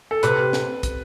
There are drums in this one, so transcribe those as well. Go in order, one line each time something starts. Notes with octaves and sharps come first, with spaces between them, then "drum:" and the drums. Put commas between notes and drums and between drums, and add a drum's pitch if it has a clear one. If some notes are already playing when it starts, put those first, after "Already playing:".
A4
C3 B4, drum: hi-hat
drum: snare
drum: kick, hi-hat